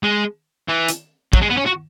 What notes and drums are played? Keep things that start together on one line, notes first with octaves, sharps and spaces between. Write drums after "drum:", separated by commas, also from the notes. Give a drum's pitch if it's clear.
G#3
E3
drum: hi-hat
F#3, drum: kick
G#3
B3
C#4
F#4